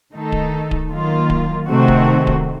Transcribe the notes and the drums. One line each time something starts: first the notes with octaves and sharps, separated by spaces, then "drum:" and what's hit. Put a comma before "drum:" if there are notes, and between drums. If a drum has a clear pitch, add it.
D#3 A3 D#4 A4
drum: kick D1
drum: kick D1
D#3 F#3 A#3 F4
drum: kick D1
C3 D#3 A3 C4 F#4
drum: kick D1
drum: kick D1